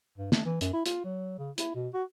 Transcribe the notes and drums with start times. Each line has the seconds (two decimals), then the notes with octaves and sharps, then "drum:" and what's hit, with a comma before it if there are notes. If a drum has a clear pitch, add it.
0.18 G2
0.32 A3, drum: snare
0.45 E3
0.61 F#2, drum: hi-hat
0.73 E4
0.86 F4, drum: hi-hat
1.04 F#3
1.39 C#3
1.58 E4, drum: hi-hat
1.75 B2
1.94 F#4